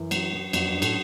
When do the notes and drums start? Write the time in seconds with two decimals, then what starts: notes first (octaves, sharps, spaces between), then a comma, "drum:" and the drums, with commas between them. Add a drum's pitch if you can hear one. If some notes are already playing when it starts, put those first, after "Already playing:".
Already playing: F#2 E3
0.11 F#3, drum: cymbal
0.33 F#3
0.53 F2 F#3, drum: cymbal
0.68 F2
0.74 D4
0.82 A2, drum: cymbal